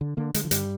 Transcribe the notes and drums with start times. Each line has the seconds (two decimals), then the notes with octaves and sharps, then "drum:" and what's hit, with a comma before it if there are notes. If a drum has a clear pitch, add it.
0.01 D3
0.17 D3 A#3
0.34 D3 G#3, drum: hi-hat
0.44 F3
0.51 G2 G3, drum: hi-hat